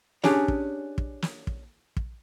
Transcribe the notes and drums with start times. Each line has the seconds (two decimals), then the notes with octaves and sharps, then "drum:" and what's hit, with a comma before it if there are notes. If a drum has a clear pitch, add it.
0.24 C#4 D4 G4 G#4 C#5 D5, drum: snare
0.48 drum: kick
0.98 drum: kick
1.22 drum: snare
1.47 drum: kick
1.97 drum: kick